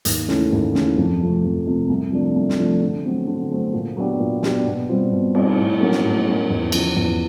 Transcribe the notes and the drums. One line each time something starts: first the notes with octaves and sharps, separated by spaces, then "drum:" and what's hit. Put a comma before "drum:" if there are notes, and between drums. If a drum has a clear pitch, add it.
D#2, drum: hi-hat
C#3 E3 A3 C#4, drum: snare
D#2
C#3 E3 A3 C#4, drum: snare
F2
C3 F3 A3
F2
C3 F3 A3
C2
C3 F3 A3 D4
C2
drum: snare
C3 F3 A3 D4
D3
F#3 A3 C4
D3
F#3 A3 C4
A#2
F#3 B3 D4 G4
A#2
F#3 B3 D4 G4, drum: snare
B2
G3 C4 F4
B2
G3 C4 F4, drum: cymbal
A2
F#3 A#3 C#4
drum: snare
A2
F#3 A#3 C#4
E2
C#3 F3, drum: cymbal
E2